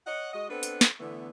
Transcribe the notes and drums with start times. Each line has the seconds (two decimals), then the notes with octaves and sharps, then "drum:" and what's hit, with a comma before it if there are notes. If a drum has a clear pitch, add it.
0.07 C#5 D#5 F#5
0.33 G#3 F#4 D#5
0.49 B3 C4 D4 A4 B4
0.63 drum: hi-hat
0.81 drum: snare
0.99 D3 E3 A3 B3